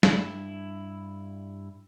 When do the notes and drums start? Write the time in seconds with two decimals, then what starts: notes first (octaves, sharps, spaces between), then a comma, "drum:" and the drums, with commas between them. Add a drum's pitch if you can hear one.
0.03 G2 E4, drum: snare